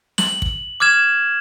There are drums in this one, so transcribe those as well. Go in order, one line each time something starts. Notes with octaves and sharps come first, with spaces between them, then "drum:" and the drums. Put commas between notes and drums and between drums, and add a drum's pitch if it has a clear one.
F#7, drum: snare
drum: kick
D6 F6 G#6 E7